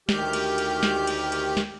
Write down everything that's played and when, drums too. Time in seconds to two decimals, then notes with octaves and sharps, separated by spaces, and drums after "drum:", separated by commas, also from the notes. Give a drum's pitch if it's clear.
0.09 D2 D#3 G4 F6 G6, drum: snare
0.33 drum: cymbal
0.58 drum: cymbal
0.83 drum: snare
1.07 drum: cymbal
1.32 drum: cymbal
1.57 drum: snare